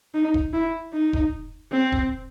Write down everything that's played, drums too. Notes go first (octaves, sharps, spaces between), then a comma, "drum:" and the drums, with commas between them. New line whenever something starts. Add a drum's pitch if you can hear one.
D#4
drum: kick E1
E4
D#4
drum: kick E1
C4
drum: kick E1